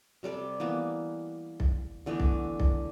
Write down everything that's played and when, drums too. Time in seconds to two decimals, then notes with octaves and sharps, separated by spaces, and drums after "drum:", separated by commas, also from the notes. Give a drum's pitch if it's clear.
0.23 C3 G3 A4 D5
0.60 E3 A#3 B3
1.60 drum: kick B1
2.06 D3 E3 A3 B3
2.20 drum: kick B1
2.60 drum: kick B1